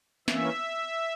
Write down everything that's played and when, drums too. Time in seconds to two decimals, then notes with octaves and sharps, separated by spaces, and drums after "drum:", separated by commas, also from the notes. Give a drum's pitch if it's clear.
0.28 E3 A#3 C#4 E5, drum: snare